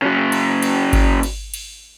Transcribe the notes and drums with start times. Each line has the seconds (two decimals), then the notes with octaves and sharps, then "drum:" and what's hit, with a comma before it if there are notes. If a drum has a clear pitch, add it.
0.02 C#3 F#3
0.32 drum: cymbal
0.63 drum: cymbal
0.93 drum: kick G#1, cymbal
1.23 drum: cymbal
1.54 drum: cymbal